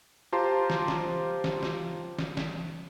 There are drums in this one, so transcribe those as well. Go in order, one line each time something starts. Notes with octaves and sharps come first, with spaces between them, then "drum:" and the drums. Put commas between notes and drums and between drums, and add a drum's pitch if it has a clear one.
F4 G4 C5 A5 A#5 C6
drum: snare
drum: snare
drum: snare
drum: snare
drum: snare
drum: snare